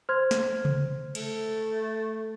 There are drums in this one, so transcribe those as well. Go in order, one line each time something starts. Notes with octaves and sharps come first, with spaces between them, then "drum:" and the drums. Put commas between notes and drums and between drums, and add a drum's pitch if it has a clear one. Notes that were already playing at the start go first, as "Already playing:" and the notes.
C5 C6 F6 G#6
drum: snare
drum: tom C3
A3, drum: cymbal